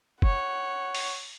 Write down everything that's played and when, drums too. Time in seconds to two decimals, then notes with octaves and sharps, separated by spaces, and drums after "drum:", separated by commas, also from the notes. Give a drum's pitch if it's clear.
0.22 C#5 F#5, drum: kick
0.95 drum: open hi-hat